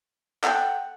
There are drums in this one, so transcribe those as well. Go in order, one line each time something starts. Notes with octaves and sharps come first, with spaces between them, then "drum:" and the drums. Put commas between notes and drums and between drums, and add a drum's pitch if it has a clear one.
A4 F#5 G5, drum: clap